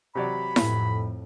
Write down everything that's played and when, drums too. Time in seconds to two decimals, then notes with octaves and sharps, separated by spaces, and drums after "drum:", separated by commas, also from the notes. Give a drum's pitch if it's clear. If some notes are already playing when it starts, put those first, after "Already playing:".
0.15 C3 F#3 D5 B5
0.56 F2 A2, drum: snare E4